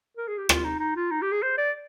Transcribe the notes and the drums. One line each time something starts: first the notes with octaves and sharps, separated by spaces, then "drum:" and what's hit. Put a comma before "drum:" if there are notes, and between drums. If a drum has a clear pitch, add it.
A#4
G#4
G4
F4, drum: rim click
D#4
D#4
F4
D#4
G4
G#4
C5
D5